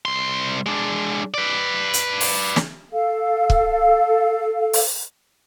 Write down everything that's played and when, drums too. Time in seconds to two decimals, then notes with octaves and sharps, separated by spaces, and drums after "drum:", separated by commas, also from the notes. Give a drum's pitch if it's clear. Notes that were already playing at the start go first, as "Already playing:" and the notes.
0.05 C2 C6
0.66 G#3 D4
1.34 B4 D5
1.93 drum: hi-hat
2.21 drum: open hi-hat
2.56 drum: snare
2.91 A4 F5
3.50 drum: kick
4.73 drum: open hi-hat